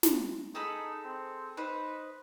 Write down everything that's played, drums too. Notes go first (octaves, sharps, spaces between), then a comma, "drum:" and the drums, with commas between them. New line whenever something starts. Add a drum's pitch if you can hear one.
drum: snare
D#4 G#4 A4 B5
C4
D#4 B4 C5